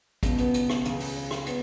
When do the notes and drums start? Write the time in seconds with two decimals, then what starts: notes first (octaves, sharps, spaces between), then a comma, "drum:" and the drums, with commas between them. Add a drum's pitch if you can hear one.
0.23 C#2 B2, drum: kick, hi-hat
0.38 B3, drum: hi-hat
0.54 drum: hi-hat
0.69 drum: rim click
0.85 C#2 C#3, drum: hi-hat
1.00 drum: open hi-hat
1.31 drum: rim click
1.46 B3, drum: hi-hat